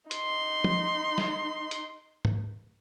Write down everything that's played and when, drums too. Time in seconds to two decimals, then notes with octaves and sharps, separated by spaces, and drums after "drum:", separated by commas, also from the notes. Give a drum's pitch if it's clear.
0.11 D#4 C6, drum: hi-hat
0.64 drum: tom
1.18 drum: snare
1.71 drum: hi-hat
2.25 drum: tom